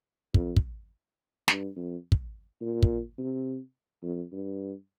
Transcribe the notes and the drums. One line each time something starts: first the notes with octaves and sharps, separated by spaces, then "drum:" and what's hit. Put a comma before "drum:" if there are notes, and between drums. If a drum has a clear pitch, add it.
F2, drum: kick
drum: kick
G2, drum: snare
F2
drum: kick
A#2
drum: kick
C3
F2
G2